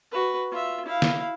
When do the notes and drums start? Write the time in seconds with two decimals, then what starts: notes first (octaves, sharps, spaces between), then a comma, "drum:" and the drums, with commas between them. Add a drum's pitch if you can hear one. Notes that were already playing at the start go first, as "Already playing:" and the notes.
0.12 F#4 B4
0.51 F4 E5
0.86 E4 F5
1.02 drum: snare